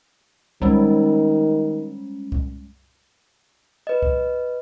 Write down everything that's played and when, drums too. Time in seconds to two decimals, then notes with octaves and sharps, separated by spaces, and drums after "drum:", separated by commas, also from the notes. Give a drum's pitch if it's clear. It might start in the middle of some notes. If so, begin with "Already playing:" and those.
0.62 D#3 G3 G#3 C#4, drum: kick C2
2.32 drum: kick C2
3.87 B4 D#5
4.02 drum: kick C2